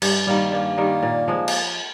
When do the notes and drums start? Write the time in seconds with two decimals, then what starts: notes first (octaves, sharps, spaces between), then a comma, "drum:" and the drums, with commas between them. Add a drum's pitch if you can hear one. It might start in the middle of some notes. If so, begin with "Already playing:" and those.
0.02 G2, drum: cymbal
0.27 D#3 G3 A#3
0.52 G2 A#3
0.78 D#3 G3
1.03 A#2
1.28 F3 G#3
1.48 drum: cymbal